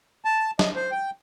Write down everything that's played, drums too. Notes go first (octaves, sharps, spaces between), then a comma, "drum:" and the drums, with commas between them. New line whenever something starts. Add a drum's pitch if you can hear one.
A5
D#5, drum: snare
C5
G5